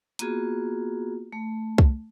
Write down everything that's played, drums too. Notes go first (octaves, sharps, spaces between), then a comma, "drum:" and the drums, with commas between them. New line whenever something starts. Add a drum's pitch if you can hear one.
A#3 B3 F4 F#4 G#4, drum: hi-hat
A3
drum: kick C2